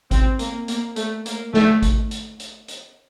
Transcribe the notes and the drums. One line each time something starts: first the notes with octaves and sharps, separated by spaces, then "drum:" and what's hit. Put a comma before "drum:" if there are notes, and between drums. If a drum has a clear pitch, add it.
C4, drum: kick G#1, hi-hat
A#3, drum: hi-hat
A#3, drum: hi-hat
A3, drum: hi-hat
A#3, drum: hi-hat
A3, drum: snare
drum: kick G#1, hi-hat
drum: hi-hat
drum: hi-hat
drum: hi-hat